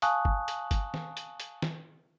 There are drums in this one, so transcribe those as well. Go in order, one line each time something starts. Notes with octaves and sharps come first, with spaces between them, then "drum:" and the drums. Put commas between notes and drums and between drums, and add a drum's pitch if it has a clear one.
F5 G#5 A5 C#6 D#6 F#6, drum: hi-hat
drum: kick G1
drum: hi-hat
drum: kick G1, hi-hat
drum: snare
drum: hi-hat
drum: hi-hat
drum: snare